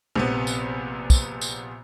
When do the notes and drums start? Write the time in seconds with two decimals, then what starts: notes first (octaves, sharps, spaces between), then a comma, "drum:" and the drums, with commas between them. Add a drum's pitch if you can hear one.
0.15 A#1 C3 B3, drum: tom
0.47 drum: tambourine
1.10 drum: kick, tambourine
1.41 drum: tambourine